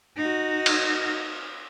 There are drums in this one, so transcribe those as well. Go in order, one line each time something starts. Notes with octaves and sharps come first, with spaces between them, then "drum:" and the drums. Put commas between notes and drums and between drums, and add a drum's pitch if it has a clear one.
D#4 F#4
drum: cymbal